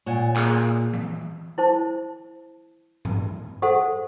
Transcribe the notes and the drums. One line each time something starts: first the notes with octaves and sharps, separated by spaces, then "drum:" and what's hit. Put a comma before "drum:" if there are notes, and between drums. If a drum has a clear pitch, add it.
A#2 C#5 F#5 G#5
A#3 G#4, drum: clap
drum: tom E3
E4 C5 A5
drum: tom G2
G4 A4 C5 F#5